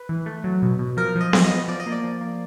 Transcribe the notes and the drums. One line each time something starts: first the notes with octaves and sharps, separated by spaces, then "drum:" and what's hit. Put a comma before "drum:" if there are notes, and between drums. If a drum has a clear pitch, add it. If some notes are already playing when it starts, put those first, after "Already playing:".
Already playing: B4
E3
A3
F#3
B2
B2
F3 A#4
F3
D#5
F3, drum: snare B3
D#5
B3
F3 D5
D#5
A#3
D5
F3
A#3